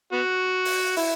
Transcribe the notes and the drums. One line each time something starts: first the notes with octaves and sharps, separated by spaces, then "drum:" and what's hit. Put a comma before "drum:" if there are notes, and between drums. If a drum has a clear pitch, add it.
B3 F#4
drum: open hi-hat
E4, drum: open hi-hat